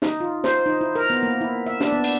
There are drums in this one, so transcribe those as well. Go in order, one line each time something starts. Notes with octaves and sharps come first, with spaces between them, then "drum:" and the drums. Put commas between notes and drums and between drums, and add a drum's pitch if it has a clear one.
D#4, drum: snare
F4
C5, drum: snare
D#4
E4
A#4
B3
A#3
E4
E5
D4, drum: snare
B3
drum: cymbal